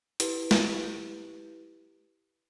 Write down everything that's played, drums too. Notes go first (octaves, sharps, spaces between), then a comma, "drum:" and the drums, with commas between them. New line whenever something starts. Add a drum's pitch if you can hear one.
E4 G4 B4, drum: hi-hat
drum: snare